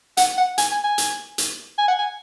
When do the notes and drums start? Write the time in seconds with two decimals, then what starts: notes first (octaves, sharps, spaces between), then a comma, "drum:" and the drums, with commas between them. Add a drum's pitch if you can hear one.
0.17 F#5, drum: hi-hat
0.37 F#5
0.58 G#5, drum: hi-hat
0.71 G#5
0.84 G#5
0.98 drum: hi-hat
1.38 drum: hi-hat
1.78 G#5
1.88 F#5
1.98 G#5